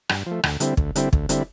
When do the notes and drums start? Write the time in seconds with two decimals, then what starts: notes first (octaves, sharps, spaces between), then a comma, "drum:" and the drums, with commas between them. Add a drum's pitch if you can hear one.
0.09 G2, drum: rim click
0.26 F3 A3
0.44 D2, drum: rim click
0.60 D3 G3 C4 E4, drum: hi-hat
0.77 D2, drum: kick
0.96 D3 G3 C4 E4, drum: hi-hat
1.13 D2, drum: kick
1.29 D3 G3 C4 E4, drum: hi-hat